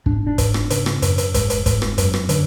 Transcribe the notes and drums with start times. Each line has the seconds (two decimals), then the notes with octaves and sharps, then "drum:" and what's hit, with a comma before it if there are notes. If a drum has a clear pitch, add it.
0.06 G#2 D4, drum: kick
0.27 D4
0.38 G#2, drum: kick, hi-hat
0.54 drum: rim click
0.70 C#3, drum: hi-hat
0.86 drum: rim click
1.02 F#2, drum: hi-hat
1.18 drum: hi-hat
1.34 G#2, drum: kick, hi-hat
1.50 drum: hi-hat
1.66 G#2, drum: kick, hi-hat
1.82 drum: rim click
1.98 F#2, drum: hi-hat
2.14 drum: rim click
2.29 D3, drum: hi-hat